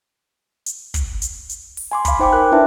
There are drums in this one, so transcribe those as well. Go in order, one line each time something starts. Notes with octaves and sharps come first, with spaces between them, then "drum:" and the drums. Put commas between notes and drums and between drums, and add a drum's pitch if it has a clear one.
drum: hi-hat
drum: kick, hi-hat
drum: hi-hat
drum: hi-hat
drum: open hi-hat
G#5 C6 D6
F5 B5, drum: kick, hi-hat
D#4 C5 G5 G#5 D6
A#4 F#6
D4 E4 B4 E5 A5